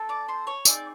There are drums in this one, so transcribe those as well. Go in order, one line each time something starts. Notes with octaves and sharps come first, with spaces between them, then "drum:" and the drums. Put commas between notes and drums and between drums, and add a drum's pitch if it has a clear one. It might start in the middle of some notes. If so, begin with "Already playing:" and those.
Already playing: C4 A4
D5 D6
C5 C6
C#5 C#6
C4 D#4 G#4 D5 D6, drum: tambourine